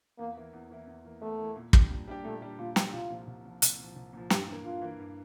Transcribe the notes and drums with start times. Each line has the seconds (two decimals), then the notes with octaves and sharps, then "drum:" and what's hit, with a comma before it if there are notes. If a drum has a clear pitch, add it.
0.19 E2 A#3
0.36 E3 A#3 E4
0.53 E2
0.70 E3 A#3 E4
0.87 E2
1.04 E3 A#3 E4
1.22 E2 A3
1.39 E3 A#3 E4
1.56 A#2
1.73 G3 D4 G4, drum: kick
1.91 A#2
2.07 G3 D4 G4
2.25 A#2 A3
2.42 G3 D4 G4
2.59 A#2 F4
2.76 G3 D4 G4, drum: snare
2.93 C2 F4
3.10 A#2 F3
3.27 C2
3.45 A#2 F3
3.62 C2, drum: hi-hat
3.79 A#2 F3
3.96 C2
4.13 A#2 F3
4.30 G2 G4, drum: snare
4.48 E3 A#3
4.65 G2 F4
4.82 E3 A#3
4.99 G2